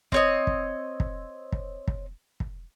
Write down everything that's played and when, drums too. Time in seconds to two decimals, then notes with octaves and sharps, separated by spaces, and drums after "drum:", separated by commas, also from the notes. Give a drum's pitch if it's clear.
0.12 C4 C#5 D#5, drum: kick
0.47 drum: kick
1.00 drum: kick
1.52 drum: kick
1.88 drum: kick
2.40 drum: kick